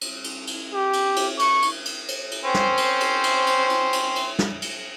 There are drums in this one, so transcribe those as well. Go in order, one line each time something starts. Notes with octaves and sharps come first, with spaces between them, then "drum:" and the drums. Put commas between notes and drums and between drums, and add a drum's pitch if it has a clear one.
drum: cymbal
drum: cymbal
drum: cymbal
G4
drum: cymbal
drum: cymbal
C#6, drum: cymbal
drum: cymbal
drum: cymbal
drum: cymbal
drum: cymbal
C4 C#4 C5
drum: snare
drum: cymbal
drum: cymbal
drum: cymbal
drum: cymbal
drum: cymbal
drum: cymbal
drum: cymbal
drum: snare
drum: cymbal